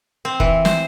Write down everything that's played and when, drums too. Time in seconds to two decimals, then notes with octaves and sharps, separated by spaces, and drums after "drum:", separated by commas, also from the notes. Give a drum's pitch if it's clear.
0.25 C4
0.40 E3, drum: kick
0.65 C5, drum: snare